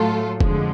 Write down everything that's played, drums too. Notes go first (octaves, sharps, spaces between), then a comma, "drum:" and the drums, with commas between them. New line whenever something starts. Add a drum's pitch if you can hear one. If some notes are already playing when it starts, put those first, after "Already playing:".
Already playing: A2 F#3 A3 F4 A4
F2 D3 F3 G#3, drum: kick F1